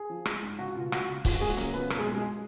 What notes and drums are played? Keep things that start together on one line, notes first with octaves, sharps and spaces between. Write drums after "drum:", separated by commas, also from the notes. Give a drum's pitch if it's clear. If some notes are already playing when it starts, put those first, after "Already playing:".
Already playing: G#4
F3
G#3, drum: rim click
G#2
C#2 F#4
B2 F4
C#2 F#4, drum: rim click
C#2
F3 F4, drum: kick, open hi-hat
F#4
F#1 G#3 G#4
F#4
F#2 A#3 A#4, drum: hi-hat
F3 B3 B4
B1 A#3 A#4, drum: rim click
G#3 G#4
B1
G#3 G#4